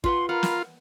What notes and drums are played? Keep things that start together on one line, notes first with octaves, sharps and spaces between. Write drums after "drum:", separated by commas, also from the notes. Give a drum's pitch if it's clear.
F4 B4 F#5 C6, drum: kick
F4 A#4 F#5 B5
drum: snare